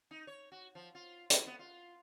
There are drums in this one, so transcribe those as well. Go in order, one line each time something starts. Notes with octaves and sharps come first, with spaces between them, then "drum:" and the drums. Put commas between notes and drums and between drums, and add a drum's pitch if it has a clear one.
D#4
C#5
F#4
F3
F4
E4, drum: hi-hat
B3
F4